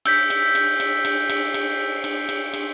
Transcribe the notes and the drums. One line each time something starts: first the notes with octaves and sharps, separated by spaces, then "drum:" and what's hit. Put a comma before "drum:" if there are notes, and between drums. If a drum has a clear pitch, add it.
E6 G6 B6, drum: cymbal
drum: cymbal
drum: cymbal
drum: cymbal
drum: cymbal
drum: cymbal
drum: cymbal
drum: cymbal
drum: cymbal
drum: cymbal